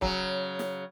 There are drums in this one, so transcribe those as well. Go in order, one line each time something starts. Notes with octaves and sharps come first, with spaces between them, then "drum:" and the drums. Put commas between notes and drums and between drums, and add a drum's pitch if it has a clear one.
C#3 F#3, drum: kick
drum: snare